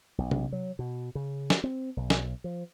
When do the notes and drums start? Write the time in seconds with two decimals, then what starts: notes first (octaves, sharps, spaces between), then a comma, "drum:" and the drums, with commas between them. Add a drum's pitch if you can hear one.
0.18 B1
0.31 drum: tom C3
0.52 F#3
0.79 B2
1.15 C#3
1.50 drum: snare
1.64 C4
1.97 B1
2.10 drum: snare
2.44 F3